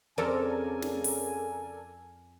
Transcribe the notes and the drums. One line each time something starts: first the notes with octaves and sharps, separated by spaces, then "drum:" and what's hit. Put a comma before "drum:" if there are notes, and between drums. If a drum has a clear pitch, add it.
F2 C#3 A4 A#4 D5 G#5
drum: snare
drum: open hi-hat